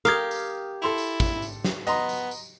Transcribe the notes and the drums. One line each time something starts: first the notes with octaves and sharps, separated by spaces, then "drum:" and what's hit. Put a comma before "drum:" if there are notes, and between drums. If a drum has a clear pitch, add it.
G4 A#4 F5 D#6 G#6
drum: tambourine
E4 A4 C6 F7
drum: tambourine
drum: kick, tambourine
drum: tambourine
drum: snare
B3 D#5 A#5 C6, drum: tambourine
drum: tambourine
drum: tambourine